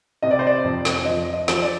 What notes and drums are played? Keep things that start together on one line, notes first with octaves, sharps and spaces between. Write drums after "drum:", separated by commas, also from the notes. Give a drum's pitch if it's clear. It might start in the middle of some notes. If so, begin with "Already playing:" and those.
C3 D#5
D5
C5
D5
F2
drum: snare
F3 D#5
D#5
F3, drum: snare
D5